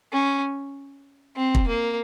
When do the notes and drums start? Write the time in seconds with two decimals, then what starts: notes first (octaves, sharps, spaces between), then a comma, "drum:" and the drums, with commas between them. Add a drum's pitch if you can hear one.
0.12 C#4
1.36 C4
1.55 drum: kick
1.68 A#3